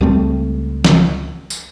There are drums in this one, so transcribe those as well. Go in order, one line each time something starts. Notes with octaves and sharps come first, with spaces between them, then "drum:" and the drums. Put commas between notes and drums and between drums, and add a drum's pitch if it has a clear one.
C#2 G3 A3 C4
drum: snare
drum: tambourine